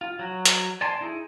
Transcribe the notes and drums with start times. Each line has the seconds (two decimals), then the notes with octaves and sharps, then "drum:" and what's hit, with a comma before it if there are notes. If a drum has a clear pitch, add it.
0.01 F4
0.19 F#3 F#4
0.45 drum: hi-hat
0.81 D5 G#5 A5 C6
1.01 D#4 E4 G#4